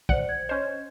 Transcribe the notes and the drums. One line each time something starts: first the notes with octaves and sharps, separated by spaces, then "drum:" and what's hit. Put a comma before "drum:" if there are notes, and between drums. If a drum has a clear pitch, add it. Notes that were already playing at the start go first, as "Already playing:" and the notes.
C5 D5 F#5, drum: kick B1
G#6
C#4 C5 D#5 G#6